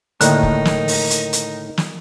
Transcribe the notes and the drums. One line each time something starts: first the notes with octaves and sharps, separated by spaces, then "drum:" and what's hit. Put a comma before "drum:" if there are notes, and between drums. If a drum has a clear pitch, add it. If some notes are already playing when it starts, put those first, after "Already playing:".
A2 D3 D#3 A#3 D#4 A#4, drum: hi-hat
drum: kick
drum: snare
drum: open hi-hat
drum: hi-hat
drum: hi-hat
drum: snare